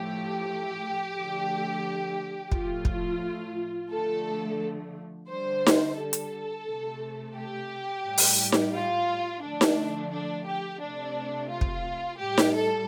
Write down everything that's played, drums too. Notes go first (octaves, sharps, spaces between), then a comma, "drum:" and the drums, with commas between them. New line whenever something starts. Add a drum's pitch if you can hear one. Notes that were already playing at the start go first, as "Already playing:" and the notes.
Already playing: A2 F3 A3 G4
D3 F3 A3
A2 F3 A3 F4, drum: kick
drum: kick
D3 F3 A3 A4
D3 G3 C5
drum: snare D#4
A4
drum: hi-hat
C3 A3
G4
A2 G3
drum: open hi-hat
drum: snare D#4
F4
D3 F3 A3 D4
drum: snare D#4
D4
G4
C3 A3 D4
F4
drum: kick
A2 G3 G4
drum: snare D#4
A4